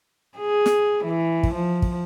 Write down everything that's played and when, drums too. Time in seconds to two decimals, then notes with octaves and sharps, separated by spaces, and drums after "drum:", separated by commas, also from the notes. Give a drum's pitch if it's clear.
0.38 G#4
0.66 drum: snare
1.04 E3
1.43 drum: kick
1.54 F3
1.82 drum: kick